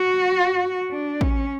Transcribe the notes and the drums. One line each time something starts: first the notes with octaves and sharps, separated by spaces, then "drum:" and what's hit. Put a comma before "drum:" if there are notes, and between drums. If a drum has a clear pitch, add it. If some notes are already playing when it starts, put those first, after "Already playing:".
Already playing: F#4
D4
C#4, drum: kick